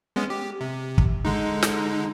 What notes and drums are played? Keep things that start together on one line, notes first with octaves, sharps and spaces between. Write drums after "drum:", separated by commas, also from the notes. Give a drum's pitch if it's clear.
G#3 B3 C#4
G4
C3
drum: kick
D3 G#3 D#4
drum: snare